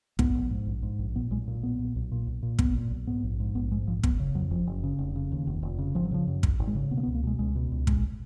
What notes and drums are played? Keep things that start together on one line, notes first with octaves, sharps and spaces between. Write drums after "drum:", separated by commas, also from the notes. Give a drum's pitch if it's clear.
G#2 B3, drum: kick
A#1
G#2
A#1
G#2
A#1
A#2 B3
B1 G#3
A#2
B1 B3
A#2
B1
A#2
B1
A#2
B1 B3, drum: kick
A#2
B1
G#2 B3
A#1
G#2
A#1 B3
G#2 G#3
A#1 F3
F#1 B3, drum: kick
C#3
F2 F#3
F#1 F3
F#1
C#3
F1
C#3
D#2
F1
F1
C#3
G#1 F3
F#3
C#3 F3
F#2
G#1, drum: kick
G#1
G#3
C#3
B2 B3
A#3
B3
C#2
A#3
B2 G#3
C#2 G#3
B2
C#2
A#2 G#3, drum: kick